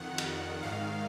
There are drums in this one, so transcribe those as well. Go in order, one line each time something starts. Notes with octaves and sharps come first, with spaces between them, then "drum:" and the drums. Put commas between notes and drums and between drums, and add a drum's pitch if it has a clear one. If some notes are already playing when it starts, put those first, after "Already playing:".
Already playing: F2 D#3 F#5
drum: cymbal
G#2 D#3 F5